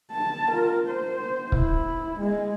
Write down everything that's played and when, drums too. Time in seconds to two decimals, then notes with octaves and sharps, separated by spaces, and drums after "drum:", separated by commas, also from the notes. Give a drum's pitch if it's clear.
0.12 A5
0.51 F4 A#4
0.88 C5
1.52 E4, drum: kick
2.20 G#3